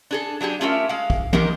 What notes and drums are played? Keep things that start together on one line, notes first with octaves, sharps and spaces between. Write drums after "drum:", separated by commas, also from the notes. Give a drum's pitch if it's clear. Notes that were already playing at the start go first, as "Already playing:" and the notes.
D4 G#4 A4
F#3 D4 G4 G#4
A3 C#4 F4 G4 A#4 E5
G#3 F5
drum: kick B1
D#3 G#3 A#3 D#4 G4 A#4, drum: tom E3